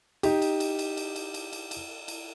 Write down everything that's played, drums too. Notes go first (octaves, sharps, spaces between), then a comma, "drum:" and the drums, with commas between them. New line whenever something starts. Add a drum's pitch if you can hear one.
D#4 G4, drum: cymbal
drum: cymbal
drum: cymbal
drum: cymbal
drum: cymbal
drum: cymbal
drum: cymbal
drum: cymbal
drum: cymbal
drum: cymbal